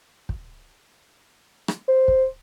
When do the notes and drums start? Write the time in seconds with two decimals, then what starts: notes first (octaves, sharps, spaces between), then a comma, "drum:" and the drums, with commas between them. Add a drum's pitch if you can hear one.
0.29 drum: kick
1.68 drum: rim click
1.88 C5
2.08 drum: kick